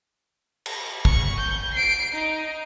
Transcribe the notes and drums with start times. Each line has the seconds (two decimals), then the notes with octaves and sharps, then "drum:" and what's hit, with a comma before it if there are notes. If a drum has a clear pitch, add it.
0.66 drum: cymbal
1.05 C#6, drum: kick
1.40 G6
1.74 C7 D7
2.13 D#4